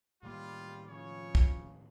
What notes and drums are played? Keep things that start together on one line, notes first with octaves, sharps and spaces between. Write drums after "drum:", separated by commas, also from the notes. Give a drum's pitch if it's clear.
A2 D#3 G3 A#3 F4
C#3 F3 C#5
drum: kick